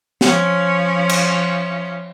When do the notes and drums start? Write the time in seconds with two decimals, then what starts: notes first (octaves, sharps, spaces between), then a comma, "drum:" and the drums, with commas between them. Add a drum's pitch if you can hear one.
0.21 F3 C#4, drum: snare
1.09 drum: cymbal